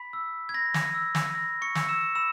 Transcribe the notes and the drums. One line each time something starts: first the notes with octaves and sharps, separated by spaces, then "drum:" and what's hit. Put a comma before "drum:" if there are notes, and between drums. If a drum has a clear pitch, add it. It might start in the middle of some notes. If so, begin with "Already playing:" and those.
Already playing: B5 B6
E6
G#6
B5 A#6
drum: snare
E6
drum: snare
B5 A#6
C#6 C#7
E6, drum: snare
E6 E7
B5 E6 E7